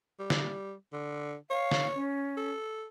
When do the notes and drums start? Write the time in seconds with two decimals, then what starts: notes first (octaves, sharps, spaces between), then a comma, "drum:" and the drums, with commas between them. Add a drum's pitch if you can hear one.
0.19 G3
0.30 drum: snare
0.93 D3
1.50 C#5 F5
1.71 drum: snare
1.95 C#4
2.37 A4